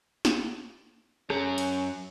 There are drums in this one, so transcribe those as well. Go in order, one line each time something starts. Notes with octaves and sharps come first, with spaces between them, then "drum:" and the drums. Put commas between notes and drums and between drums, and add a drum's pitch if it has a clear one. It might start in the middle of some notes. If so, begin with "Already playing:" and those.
drum: snare
F#2 C#4 A#5, drum: rim click
drum: cymbal